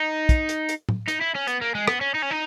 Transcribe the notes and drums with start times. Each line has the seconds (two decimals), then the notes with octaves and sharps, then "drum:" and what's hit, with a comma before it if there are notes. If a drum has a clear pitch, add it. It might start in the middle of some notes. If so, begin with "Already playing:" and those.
Already playing: D#4
0.29 drum: kick, hi-hat
0.49 drum: hi-hat
0.69 drum: hi-hat
0.89 drum: tom A2
1.08 D#4, drum: hi-hat
1.21 E4
1.35 C#4
1.48 B3, drum: hi-hat
1.62 A#3
1.75 G#3
1.88 B3, drum: rim click
2.01 C#4
2.15 D#4
2.22 C#4
2.31 D#4